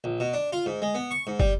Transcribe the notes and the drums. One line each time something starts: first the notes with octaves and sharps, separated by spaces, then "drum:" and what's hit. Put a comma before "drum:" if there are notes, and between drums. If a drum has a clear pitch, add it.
A#1
B2
D4
F4
G#2
G#3
B3
C#6
G#2
G3, drum: kick